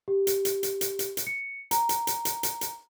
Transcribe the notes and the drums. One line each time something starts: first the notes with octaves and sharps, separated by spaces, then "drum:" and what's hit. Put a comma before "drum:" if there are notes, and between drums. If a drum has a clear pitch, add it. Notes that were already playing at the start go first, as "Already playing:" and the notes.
G4
drum: hi-hat
drum: hi-hat
drum: hi-hat
drum: hi-hat
drum: hi-hat
drum: hi-hat
C#7
A#5, drum: hi-hat
drum: hi-hat
drum: hi-hat
drum: hi-hat
drum: hi-hat
drum: hi-hat